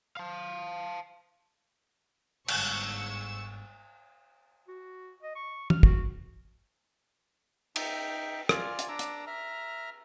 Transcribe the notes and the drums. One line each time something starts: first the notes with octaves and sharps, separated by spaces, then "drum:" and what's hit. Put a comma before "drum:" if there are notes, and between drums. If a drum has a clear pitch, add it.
F5 A5
G1 G#2 C#6 E6, drum: cymbal
F#4
D#5
C#6
F6, drum: tom
F#4, drum: kick
D#4 E5 G5, drum: cymbal
F4 D5 G#5 F6, drum: rim click
drum: hi-hat
D4 A#5 D6 E6
drum: hi-hat
E5 A#5 F6